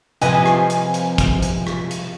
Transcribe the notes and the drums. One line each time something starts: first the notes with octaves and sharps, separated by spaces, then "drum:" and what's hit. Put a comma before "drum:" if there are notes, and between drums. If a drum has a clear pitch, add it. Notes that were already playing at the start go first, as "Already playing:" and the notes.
C3 F3 B4 D#5 G#5, drum: hi-hat
drum: rim click
drum: hi-hat
drum: hi-hat
drum: kick, hi-hat
drum: hi-hat
drum: rim click
drum: hi-hat